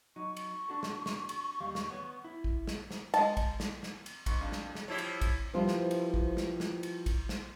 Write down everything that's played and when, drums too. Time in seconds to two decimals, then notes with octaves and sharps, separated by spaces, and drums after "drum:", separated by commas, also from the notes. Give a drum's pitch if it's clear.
0.16 F#3 D#4 C#6
0.37 drum: cymbal
0.69 D4 F#4 A4
0.83 drum: snare
1.06 drum: snare
1.29 drum: cymbal
1.60 D#2 G3 F5
1.75 drum: snare
1.90 B3 C#5
2.24 E4
2.44 drum: kick A#1
2.67 drum: snare
2.91 drum: snare
3.14 G#3 A5, drum: cymbal
3.37 drum: kick A#1, cymbal
3.60 drum: snare
3.83 drum: snare
4.06 drum: cymbal
4.26 G#2 C#6, drum: kick A#1, cymbal
4.41 F2 D4 F5
4.52 drum: snare
4.75 drum: snare
4.88 F3 G3 E4 G4 C#5
4.98 drum: cymbal
5.21 drum: kick A#1, cymbal
5.53 F3 G3 E4 F4 B4 C5
5.68 drum: snare
5.91 drum: cymbal
6.14 drum: kick A#1
6.37 drum: snare
6.60 drum: snare
6.83 drum: cymbal
7.06 drum: kick A#1, cymbal
7.29 drum: snare